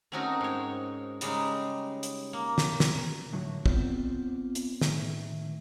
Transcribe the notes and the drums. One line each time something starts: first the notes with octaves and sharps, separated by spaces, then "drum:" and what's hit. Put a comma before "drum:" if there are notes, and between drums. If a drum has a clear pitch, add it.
A3 C4 C#4 D#4 F#4 A#4
G#2 C#5
C#3 G3 G#3 D#4, drum: hi-hat
drum: hi-hat
A#3
drum: snare
drum: snare
A2 D3 F#3 F#4
B3 C4 F4 C5 D5, drum: kick
drum: hi-hat
E2 A2 D#3, drum: snare